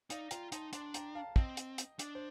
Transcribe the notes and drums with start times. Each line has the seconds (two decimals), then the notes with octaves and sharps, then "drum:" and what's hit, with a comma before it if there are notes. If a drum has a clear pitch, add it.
0.10 D#4 D5 F5, drum: hi-hat
0.31 F4 G5 A#5, drum: hi-hat
0.52 D#4 A5 C6, drum: hi-hat
0.73 D4 A5 C6, drum: hi-hat
0.94 G5 A#5, drum: hi-hat
1.15 F5 A5
1.36 C4 D#5 G5, drum: kick
1.57 drum: hi-hat
1.78 drum: hi-hat
1.99 D4, drum: hi-hat
2.15 C5